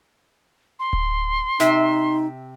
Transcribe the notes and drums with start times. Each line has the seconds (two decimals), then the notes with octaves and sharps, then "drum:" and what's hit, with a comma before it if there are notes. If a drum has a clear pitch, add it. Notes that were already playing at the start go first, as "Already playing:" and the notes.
0.79 C6
0.93 drum: kick D1
1.60 C3 D#4 E5, drum: snare